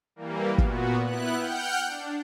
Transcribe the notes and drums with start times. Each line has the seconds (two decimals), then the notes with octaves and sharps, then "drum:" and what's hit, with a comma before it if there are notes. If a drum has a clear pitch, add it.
0.16 E3 G3 A#3
0.58 A#2 B3 F#4, drum: kick
1.04 B3 E4 F#6
1.37 F#5 G5 F6 G6
1.86 D4